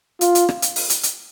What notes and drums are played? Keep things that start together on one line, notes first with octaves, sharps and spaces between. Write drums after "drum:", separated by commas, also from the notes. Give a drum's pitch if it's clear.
F4, drum: hi-hat
drum: hi-hat
drum: rim click
drum: hi-hat
drum: open hi-hat
drum: hi-hat
drum: hi-hat